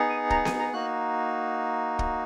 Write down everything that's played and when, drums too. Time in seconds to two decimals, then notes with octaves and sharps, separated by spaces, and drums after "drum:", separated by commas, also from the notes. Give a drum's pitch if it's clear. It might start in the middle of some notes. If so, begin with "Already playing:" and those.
Already playing: B3 D#4 G#4
0.09 G#5
0.30 A#5, drum: kick
0.45 G#5, drum: snare B3
0.59 A#5
0.73 A#3 D#4 F#4 F#6
1.99 drum: kick